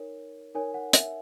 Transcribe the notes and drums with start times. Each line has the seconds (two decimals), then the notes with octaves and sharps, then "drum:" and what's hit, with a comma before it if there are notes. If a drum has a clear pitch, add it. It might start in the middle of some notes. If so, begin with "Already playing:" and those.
Already playing: D#4 A#4 C#5
0.55 D#4 A#4 C#5 G#5
0.74 F#5
0.93 E5, drum: hi-hat